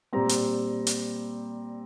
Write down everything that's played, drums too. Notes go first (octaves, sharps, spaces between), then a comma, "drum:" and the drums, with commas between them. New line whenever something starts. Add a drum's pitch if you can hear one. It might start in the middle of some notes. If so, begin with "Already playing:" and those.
A#2 G3 C4 A#5
drum: hi-hat
drum: hi-hat